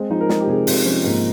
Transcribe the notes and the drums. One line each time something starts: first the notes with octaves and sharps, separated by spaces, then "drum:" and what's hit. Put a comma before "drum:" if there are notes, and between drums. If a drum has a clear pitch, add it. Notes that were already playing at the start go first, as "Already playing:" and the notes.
Already playing: G#3 C4
F3 D#4
A#4
G#3 G#4, drum: snare
G4
C3 G#4
C3 F4, drum: open hi-hat
F3 C#4
G#2 A#3